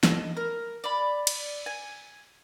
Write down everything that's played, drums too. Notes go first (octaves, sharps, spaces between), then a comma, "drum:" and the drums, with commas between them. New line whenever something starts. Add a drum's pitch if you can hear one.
A4 D#5, drum: snare
A#4
D5 B5
drum: cymbal
G#5